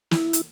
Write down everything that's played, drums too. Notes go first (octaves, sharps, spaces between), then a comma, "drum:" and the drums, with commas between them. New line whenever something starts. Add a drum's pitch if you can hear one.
E4, drum: snare
drum: hi-hat